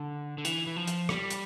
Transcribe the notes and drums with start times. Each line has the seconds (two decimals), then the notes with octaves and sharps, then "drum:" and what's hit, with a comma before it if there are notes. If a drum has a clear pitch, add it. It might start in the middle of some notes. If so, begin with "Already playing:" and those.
Already playing: D3
0.38 D3
0.45 E3, drum: hi-hat
0.67 E3
0.76 F3
0.87 drum: hi-hat
1.09 G3, drum: rim click
1.31 drum: hi-hat